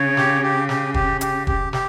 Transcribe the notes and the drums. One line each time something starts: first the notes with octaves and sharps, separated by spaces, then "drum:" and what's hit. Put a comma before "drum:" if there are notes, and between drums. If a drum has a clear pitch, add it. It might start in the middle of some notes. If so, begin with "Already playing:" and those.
Already playing: C#3 C#5
G4, drum: snare
G4
G4, drum: snare
G4, drum: kick
G4, drum: hi-hat
G4, drum: kick
G4, drum: snare